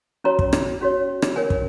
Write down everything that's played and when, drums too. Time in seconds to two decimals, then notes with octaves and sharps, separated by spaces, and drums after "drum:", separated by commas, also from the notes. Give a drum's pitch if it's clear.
0.24 C#4 F#4 C#5 A#5
0.39 drum: kick
0.53 drum: rim click
0.81 C#4 F#4 C#5
1.22 drum: rim click
1.36 C#4 A#4 C#5 G#5
1.50 drum: kick